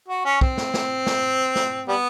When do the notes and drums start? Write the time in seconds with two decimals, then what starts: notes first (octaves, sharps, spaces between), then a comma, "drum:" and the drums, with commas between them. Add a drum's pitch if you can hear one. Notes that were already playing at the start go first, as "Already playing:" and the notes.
0.08 F#4
0.25 C#4
0.41 C4, drum: kick
0.57 drum: snare
0.74 drum: snare
1.06 drum: snare
1.55 drum: snare
1.88 G3 B3